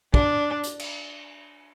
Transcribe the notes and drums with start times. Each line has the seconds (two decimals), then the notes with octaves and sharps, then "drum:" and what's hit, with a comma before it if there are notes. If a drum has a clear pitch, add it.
0.14 D4, drum: kick
0.63 drum: hi-hat
0.79 drum: cymbal